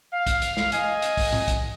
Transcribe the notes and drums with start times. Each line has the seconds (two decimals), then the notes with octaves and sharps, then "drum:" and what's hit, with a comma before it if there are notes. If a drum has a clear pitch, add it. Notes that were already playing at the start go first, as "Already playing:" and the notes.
0.13 F5
0.27 drum: kick, hi-hat
0.42 drum: hi-hat
0.57 drum: snare
0.72 D#5 G#5, drum: hi-hat
1.02 drum: hi-hat
1.17 drum: kick, open hi-hat
1.33 drum: tom A2
1.48 drum: kick, hi-hat